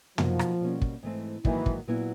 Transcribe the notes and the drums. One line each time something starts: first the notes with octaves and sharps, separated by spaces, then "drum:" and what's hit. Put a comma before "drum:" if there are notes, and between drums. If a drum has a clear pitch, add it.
B2 F3 F#3 A#3 D#4, drum: tom
drum: rim click
B2 G3 A#3 C#4
drum: kick
G#2 E3 A3 C4
G#2 D#3 E3 F#3 A#3 D#4, drum: kick
drum: kick
A#2 F#3 B3 E4